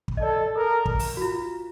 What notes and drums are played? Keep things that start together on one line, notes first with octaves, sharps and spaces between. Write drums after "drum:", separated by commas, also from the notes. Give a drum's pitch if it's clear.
drum: kick
D#5
A4 D5
A4 A#4
drum: kick
drum: open hi-hat
F#4
F4